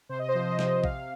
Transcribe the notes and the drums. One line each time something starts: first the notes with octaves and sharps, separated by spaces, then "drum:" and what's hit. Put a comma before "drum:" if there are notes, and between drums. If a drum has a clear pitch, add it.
C3 C5
D#5
C5
F3
D#5
C3, drum: snare
C3 F5, drum: kick A#1